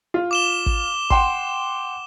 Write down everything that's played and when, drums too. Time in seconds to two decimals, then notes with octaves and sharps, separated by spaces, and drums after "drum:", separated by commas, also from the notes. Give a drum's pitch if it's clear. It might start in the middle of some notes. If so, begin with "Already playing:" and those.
0.14 F4
0.31 D6 E7 G7
0.66 drum: kick
1.10 F#5 G5 C6, drum: kick